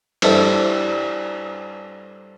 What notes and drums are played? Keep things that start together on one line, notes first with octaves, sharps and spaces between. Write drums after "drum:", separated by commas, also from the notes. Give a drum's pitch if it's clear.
G2 G3 E4 A4 C5 D5, drum: cymbal